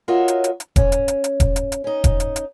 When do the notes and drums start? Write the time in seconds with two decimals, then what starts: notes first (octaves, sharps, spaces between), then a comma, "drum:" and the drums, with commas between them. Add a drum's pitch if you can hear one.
0.08 F4 F#4 A#4 C#5 D#5 E5
0.28 drum: hi-hat
0.44 drum: hi-hat
0.60 drum: hi-hat
0.76 C#4, drum: kick E1, hi-hat
0.92 drum: hi-hat
1.08 drum: hi-hat
1.24 drum: hi-hat
1.40 drum: kick E1, hi-hat
1.56 drum: hi-hat
1.72 drum: hi-hat
1.84 C#4 D#4
2.04 drum: kick E1, hi-hat
2.20 drum: hi-hat
2.36 drum: hi-hat